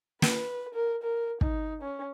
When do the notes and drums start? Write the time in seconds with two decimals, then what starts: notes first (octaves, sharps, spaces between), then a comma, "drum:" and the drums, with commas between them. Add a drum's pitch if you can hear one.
0.22 B4, drum: snare
0.74 A#4
1.03 A#4
1.41 D#4, drum: kick
1.82 C#4